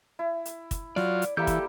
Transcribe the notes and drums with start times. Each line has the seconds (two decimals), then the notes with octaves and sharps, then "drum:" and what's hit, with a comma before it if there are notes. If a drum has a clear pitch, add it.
0.19 E4
0.45 drum: hi-hat
0.71 drum: kick, hi-hat
0.96 F#3 F4 D5, drum: snare
1.22 drum: hi-hat
1.37 E3 G3 A#3 E4 G4 A4 G6
1.47 drum: kick, hi-hat